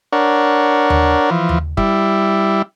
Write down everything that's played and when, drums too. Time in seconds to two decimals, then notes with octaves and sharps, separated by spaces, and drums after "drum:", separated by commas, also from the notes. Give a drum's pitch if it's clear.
0.12 D4 A#4 C#5 F#5
0.90 drum: tom D#2
1.30 E3 F3
1.49 drum: tom D#2
1.77 G3 E4, drum: kick